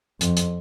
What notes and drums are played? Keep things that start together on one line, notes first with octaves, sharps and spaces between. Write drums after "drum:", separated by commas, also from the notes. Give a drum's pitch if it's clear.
F2, drum: hi-hat
drum: hi-hat